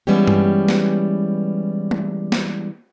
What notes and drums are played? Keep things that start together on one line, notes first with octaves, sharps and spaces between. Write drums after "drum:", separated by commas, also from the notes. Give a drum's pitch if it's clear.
E3 G3 G#3 B3 C#4 G4
drum: tom G2
drum: snare
drum: tom G#3
drum: snare